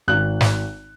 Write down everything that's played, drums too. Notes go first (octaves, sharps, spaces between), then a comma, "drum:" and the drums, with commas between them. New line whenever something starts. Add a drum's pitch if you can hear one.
G#1 F#6
drum: snare